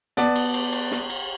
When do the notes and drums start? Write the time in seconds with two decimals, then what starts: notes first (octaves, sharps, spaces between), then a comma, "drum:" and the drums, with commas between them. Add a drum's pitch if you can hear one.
0.17 B3 D5 F#5 A5, drum: snare
0.36 drum: cymbal
0.54 drum: cymbal
0.73 drum: cymbal
0.91 drum: snare
1.10 drum: cymbal